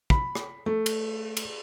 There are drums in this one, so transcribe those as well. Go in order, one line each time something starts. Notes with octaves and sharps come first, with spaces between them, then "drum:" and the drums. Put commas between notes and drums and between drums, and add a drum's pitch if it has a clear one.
B5, drum: kick
drum: rim click
A3
drum: cymbal
drum: cymbal